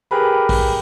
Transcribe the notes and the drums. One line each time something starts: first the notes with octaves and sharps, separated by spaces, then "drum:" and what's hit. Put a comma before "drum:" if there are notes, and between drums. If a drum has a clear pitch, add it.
G4 G#4 A#4 B4 G5 B5
drum: kick, open hi-hat